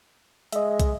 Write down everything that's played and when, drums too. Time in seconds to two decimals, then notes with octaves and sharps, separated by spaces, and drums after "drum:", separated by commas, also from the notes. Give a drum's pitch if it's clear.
0.53 G#3 D#5 E5, drum: hi-hat
0.80 drum: kick, hi-hat